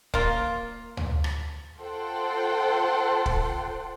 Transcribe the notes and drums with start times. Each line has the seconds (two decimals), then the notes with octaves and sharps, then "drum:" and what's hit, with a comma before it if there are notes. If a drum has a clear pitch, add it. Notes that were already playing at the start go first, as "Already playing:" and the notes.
0.14 A#3 F4, drum: kick
0.97 drum: tom
1.24 drum: rim click
1.78 F4 A4 C5 F#5 G5 C6
3.26 drum: kick